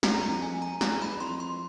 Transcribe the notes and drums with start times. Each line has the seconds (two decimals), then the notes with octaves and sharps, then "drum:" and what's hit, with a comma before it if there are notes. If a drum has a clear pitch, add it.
0.03 E2 A#5, drum: snare
0.22 F2 A#5
0.42 F2 G#5
0.62 A#5
0.81 E2 A#5, drum: snare
1.02 B5
1.20 F2 C6
1.40 C6